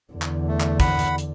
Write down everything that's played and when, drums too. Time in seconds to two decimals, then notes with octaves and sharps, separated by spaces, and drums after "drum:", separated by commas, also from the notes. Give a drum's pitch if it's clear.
0.13 E2 D3
0.22 drum: clap
0.48 A3
0.60 drum: clap
0.80 F#5 B5, drum: kick, hi-hat
0.99 drum: hi-hat
1.18 drum: hi-hat